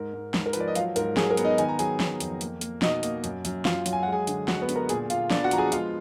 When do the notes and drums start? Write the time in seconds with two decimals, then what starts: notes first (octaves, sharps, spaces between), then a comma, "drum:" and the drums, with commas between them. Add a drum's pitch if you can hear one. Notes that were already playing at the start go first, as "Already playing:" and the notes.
Already playing: G#2 A#4
0.13 G#2
0.34 G#2, drum: snare
0.46 A#4
0.53 F3 B4, drum: hi-hat
0.60 D5
0.68 D#5
0.75 F#3 F4 F5, drum: hi-hat
0.96 G#2 A#4, drum: hi-hat
1.17 F#3 G#4, drum: snare
1.31 A#4
1.37 B3, drum: hi-hat
1.45 D#4 D#5
1.58 D#3 G#5, drum: hi-hat
1.69 A#5
1.79 F#3 G#4 G#5, drum: hi-hat
2.00 F#3, drum: snare
2.20 F2, drum: hi-hat
2.41 A#3, drum: hi-hat
2.61 A#3, drum: hi-hat
2.82 B2 D#4 D#5, drum: snare
3.03 A#3, drum: hi-hat
3.24 F#2, drum: hi-hat
3.45 F#2, drum: hi-hat
3.65 F#2 F4 F5, drum: snare
3.86 F#3, drum: hi-hat
3.93 G#5
4.03 G#3 F#5
4.12 G#4 G#5
4.27 D3, drum: hi-hat
4.48 G#3 F#4 F#5, drum: snare
4.62 B3 B4
4.69 D3, drum: hi-hat
4.75 A#4 A#5
4.89 A#2 G#4 G#5, drum: hi-hat
5.10 A#2 F4 F5, drum: hi-hat
5.31 B3 D4 D5, drum: snare
5.44 F#4 F#5
5.51 F3 A#5, drum: hi-hat
5.58 G#4 G#5
5.72 G#3 F4 F5, drum: hi-hat